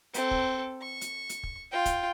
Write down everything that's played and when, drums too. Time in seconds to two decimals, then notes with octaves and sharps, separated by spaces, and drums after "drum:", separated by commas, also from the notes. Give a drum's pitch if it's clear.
0.14 C4 A4, drum: hi-hat
0.31 drum: kick
0.81 C#6
1.01 drum: hi-hat
1.29 drum: hi-hat
1.43 drum: kick
1.71 F4 G5
1.86 drum: kick, hi-hat